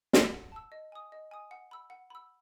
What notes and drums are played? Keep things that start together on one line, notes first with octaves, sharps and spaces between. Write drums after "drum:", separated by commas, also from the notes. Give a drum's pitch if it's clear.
A5 E6, drum: snare
F#5
A5 E6
D#5
G#5 D#6
D#5
G#5 D#6
F#5
B5 E6
F#5
B5 E6